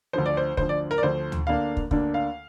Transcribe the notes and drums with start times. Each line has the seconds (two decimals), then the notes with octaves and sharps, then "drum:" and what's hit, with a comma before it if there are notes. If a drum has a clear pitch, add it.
0.13 D2 D3 F3 C5
0.26 D5
0.37 C5
0.57 D2 D3 F3 C5, drum: kick
0.69 D5
0.91 A#4
0.98 D5
1.02 D2 D3 F3 C5
1.32 drum: tom D2
1.47 D2 D3 A#3 D4 F5
1.77 drum: kick
1.91 D2 D3 A#3 D4, drum: kick
2.14 F5